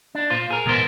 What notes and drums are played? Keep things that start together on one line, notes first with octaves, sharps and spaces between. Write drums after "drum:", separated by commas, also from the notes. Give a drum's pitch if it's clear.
D4
A#2 F4 C5
G#4 A#4
E2 G#2 G#3 B3 A#4 C5, drum: tom